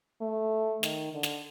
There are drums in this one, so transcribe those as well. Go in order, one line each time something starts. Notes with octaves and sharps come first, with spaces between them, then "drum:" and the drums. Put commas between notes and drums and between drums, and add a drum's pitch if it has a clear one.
A3
D#3, drum: snare
D3
drum: snare